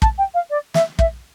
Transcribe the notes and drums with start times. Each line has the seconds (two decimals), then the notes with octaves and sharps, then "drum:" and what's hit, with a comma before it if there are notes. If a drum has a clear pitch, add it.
0.02 A5, drum: kick
0.18 G5
0.34 F5
0.50 D5
0.74 E5, drum: snare
0.99 E5, drum: kick